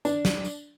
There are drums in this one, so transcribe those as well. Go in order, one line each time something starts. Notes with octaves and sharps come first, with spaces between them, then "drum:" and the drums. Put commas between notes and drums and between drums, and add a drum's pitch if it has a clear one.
D4, drum: tambourine
drum: snare
drum: tambourine